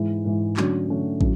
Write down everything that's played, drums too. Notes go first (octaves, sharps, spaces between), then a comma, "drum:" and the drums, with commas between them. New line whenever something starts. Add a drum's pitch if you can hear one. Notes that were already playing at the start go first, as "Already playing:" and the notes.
Already playing: G#2 E3 G#3
G#2 E3 G#3
D3 F#3 A3 C#4 F#4, drum: clap
D3 F#3 A3 C#4 F#4
A2 F#3 C#4, drum: kick